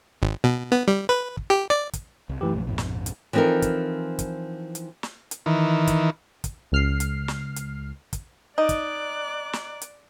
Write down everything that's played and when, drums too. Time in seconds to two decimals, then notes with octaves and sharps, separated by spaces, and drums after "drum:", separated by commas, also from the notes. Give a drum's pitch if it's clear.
0.22 G#1
0.44 B2
0.72 B3
0.88 G3
1.09 B4
1.37 drum: kick
1.50 G4
1.70 D5
1.93 drum: kick, hi-hat
2.29 C2
2.41 F#2 E3 A3 G4
2.54 A#1
2.67 F2 G#2 B2
2.78 drum: snare
3.06 drum: hi-hat
3.33 E3 F3 C4 D#4 A4 A#4
3.62 drum: kick, hi-hat
4.19 drum: kick, hi-hat
4.75 drum: hi-hat
5.03 drum: snare
5.31 drum: hi-hat
5.46 D#3 E3
5.87 drum: kick, hi-hat
6.44 drum: kick, hi-hat
6.72 C#2 F6 C7
7.00 drum: hi-hat
7.28 drum: snare
7.56 drum: hi-hat
8.13 drum: kick, hi-hat
8.58 D#4 D5 D6 F#6
8.69 drum: kick, hi-hat
9.53 drum: snare
9.81 drum: hi-hat